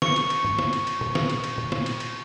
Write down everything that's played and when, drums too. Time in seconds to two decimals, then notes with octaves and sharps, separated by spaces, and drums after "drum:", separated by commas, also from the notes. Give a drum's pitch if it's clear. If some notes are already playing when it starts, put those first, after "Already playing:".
0.02 C#6 C#7, drum: snare
0.16 drum: cymbal
0.30 drum: cymbal
0.44 drum: tom
0.59 drum: snare
0.73 drum: cymbal
0.87 drum: cymbal
1.01 drum: tom A#2
1.15 drum: snare
1.29 drum: cymbal
1.44 drum: cymbal
1.58 drum: tom A#2
1.72 drum: snare
1.86 drum: cymbal
2.00 drum: cymbal